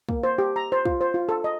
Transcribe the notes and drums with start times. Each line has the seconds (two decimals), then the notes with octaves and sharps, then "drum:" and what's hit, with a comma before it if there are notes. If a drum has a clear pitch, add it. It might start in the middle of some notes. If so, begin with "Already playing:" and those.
0.09 A#3, drum: kick
0.23 C5
0.38 G4
0.56 A#5
0.72 C5
0.85 F4, drum: kick
1.01 C5
1.14 F4
1.29 A4
1.44 D#5